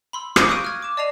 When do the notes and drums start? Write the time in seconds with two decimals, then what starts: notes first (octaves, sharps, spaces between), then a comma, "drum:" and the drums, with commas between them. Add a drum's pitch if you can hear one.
0.13 B5 C6 E6
0.36 F5 D6 G6 A#6 C#7, drum: rim click
0.49 C#6 D#6 F#6 G6 D7 D#7
0.65 F6 G#6
0.82 D6 E7
0.97 D5 D#5 A5 C7 D#7 F7